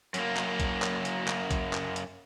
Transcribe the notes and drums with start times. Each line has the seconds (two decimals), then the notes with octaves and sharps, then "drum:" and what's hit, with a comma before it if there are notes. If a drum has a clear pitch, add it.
0.14 F#2 A#3, drum: hi-hat
0.37 drum: clap
0.60 drum: kick A#1, hi-hat
0.82 drum: clap
1.05 drum: hi-hat
1.28 drum: clap
1.51 drum: kick A#1, hi-hat
1.73 drum: clap
1.96 drum: hi-hat